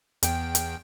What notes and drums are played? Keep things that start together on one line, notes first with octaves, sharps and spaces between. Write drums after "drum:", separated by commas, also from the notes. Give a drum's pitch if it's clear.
E2 G5, drum: hi-hat
drum: hi-hat